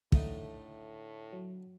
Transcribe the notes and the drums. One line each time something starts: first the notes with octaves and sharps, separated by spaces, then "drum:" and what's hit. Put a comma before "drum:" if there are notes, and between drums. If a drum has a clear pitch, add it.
A2 D3 A3 D#4, drum: kick
F#3